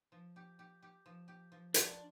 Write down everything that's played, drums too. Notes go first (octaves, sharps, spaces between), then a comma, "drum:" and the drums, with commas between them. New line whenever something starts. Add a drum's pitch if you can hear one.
F3
G4
G4
G4
F3
G4
F3
D4 F4, drum: hi-hat